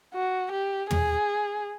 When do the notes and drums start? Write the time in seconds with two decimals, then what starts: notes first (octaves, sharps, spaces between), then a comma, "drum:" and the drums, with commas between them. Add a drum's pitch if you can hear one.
0.14 F#4
0.52 G4
0.91 G#4, drum: tom